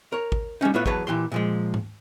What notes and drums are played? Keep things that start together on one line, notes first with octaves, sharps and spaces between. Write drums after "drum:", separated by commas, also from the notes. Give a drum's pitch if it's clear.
A#4 C#5
drum: kick
G3 G#3 C#4 D#4
A2 B3 F4 B4 C#5 E5
E2 F#3 B4 C#5 A5, drum: kick
A#2 E3 G4 C6
A#2 F3 G#3
drum: tom G#2